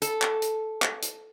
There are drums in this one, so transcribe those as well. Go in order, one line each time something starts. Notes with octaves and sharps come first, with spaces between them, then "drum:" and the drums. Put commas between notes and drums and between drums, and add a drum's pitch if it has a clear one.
A4, drum: hi-hat
drum: clap
drum: hi-hat
drum: clap
drum: hi-hat